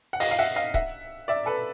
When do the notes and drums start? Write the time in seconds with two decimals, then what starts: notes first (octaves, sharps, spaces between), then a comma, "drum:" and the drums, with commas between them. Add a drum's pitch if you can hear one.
0.13 F#5
0.20 D#5 F5, drum: open hi-hat
0.31 F5
0.39 E5 F#5
0.56 D#5 F5
0.74 E5 F#5, drum: kick C#1
1.28 D5 E5
1.46 A4 B4